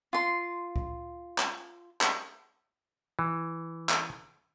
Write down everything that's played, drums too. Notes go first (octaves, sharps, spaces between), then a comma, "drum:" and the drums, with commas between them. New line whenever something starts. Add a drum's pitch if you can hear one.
F4 C6
drum: kick C#2
drum: clap
drum: clap
E3
drum: clap